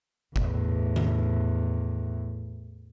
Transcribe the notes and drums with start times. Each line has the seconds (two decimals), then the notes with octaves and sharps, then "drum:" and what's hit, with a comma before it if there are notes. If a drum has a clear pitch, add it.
0.36 E2 A2, drum: kick F#1
0.96 drum: tom D#3